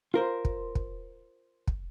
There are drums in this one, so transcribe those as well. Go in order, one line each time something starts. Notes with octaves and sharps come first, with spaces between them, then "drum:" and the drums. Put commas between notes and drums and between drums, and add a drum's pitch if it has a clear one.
F4 A#4 C5
drum: kick
drum: kick
drum: kick